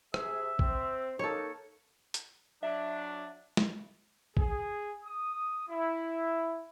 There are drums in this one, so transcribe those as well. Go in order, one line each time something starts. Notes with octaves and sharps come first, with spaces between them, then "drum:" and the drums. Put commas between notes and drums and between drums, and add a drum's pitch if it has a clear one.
C3 G#4 E5, drum: rim click
C4, drum: kick A#1
A#3 D#4 A4 C#5
drum: hi-hat
F#3 D4 E5
drum: snare
G#4, drum: kick A#1
D#6
E4